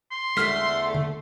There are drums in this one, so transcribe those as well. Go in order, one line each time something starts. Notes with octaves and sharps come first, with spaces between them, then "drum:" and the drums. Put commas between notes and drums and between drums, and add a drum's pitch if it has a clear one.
C6
E2 D3 A3 F6 B6, drum: snare
drum: tom D3